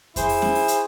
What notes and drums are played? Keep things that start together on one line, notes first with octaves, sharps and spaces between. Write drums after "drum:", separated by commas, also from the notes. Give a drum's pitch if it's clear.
E4 G#4 C5, drum: kick F2, hi-hat
drum: open hi-hat
drum: snare C#4
drum: open hi-hat
drum: hi-hat